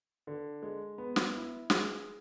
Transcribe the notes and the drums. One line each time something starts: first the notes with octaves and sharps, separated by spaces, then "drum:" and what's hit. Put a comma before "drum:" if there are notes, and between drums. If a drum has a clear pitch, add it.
D3
G#3
B3
drum: snare
E4
G#4, drum: snare